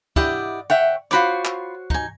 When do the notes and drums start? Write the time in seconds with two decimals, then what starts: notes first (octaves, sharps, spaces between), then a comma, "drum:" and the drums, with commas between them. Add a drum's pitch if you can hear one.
0.16 E4 G4 D5 D#5 F#5, drum: kick
0.70 C#5 E5 F#5 G5
1.11 F4 F#4 C5 C#5 B5 D6
1.45 drum: clap
1.90 D#4 G#5, drum: kick